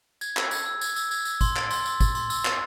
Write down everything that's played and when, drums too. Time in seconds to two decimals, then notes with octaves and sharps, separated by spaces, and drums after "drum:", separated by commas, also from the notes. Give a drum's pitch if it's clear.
0.21 G#6, drum: tambourine
0.37 E6, drum: clap
0.51 G#6, drum: tambourine
0.66 E6
0.81 G#6, drum: tambourine
0.96 E6, drum: tambourine
1.11 G#6, drum: tambourine
1.25 E6, drum: tambourine
1.41 C6, drum: kick, tambourine
1.56 A6, drum: clap
1.71 C6, drum: tambourine
1.86 E6, drum: tambourine
2.00 A6, drum: kick, tambourine
2.15 C6, drum: tambourine
2.30 E6, drum: tambourine
2.45 A6, drum: clap